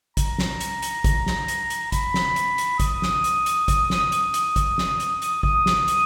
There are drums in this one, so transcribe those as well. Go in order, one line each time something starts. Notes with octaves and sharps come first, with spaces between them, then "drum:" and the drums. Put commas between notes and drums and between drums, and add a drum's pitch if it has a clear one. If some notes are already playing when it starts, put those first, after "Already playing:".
A#5, drum: kick, hi-hat
drum: snare
drum: hi-hat
drum: hi-hat
drum: kick, hi-hat
drum: snare
drum: hi-hat
drum: hi-hat
B5, drum: kick, hi-hat
drum: snare
drum: hi-hat
drum: hi-hat
D#6, drum: kick, hi-hat
drum: snare
drum: hi-hat
drum: hi-hat
drum: kick, hi-hat
drum: snare
drum: hi-hat
drum: hi-hat
drum: kick, hi-hat
drum: snare
drum: hi-hat
drum: hi-hat
D#6, drum: kick
drum: snare
drum: hi-hat